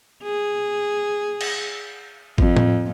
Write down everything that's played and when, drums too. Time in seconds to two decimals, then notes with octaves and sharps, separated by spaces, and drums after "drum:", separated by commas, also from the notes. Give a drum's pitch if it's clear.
0.23 G#4
1.41 drum: cymbal
2.38 F2, drum: kick G#1
2.57 drum: tom A2